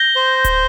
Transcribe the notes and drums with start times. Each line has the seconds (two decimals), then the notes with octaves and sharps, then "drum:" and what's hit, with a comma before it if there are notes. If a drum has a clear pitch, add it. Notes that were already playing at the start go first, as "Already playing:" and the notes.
Already playing: G6 A#6 G7
0.16 C5
0.44 drum: kick D1, hi-hat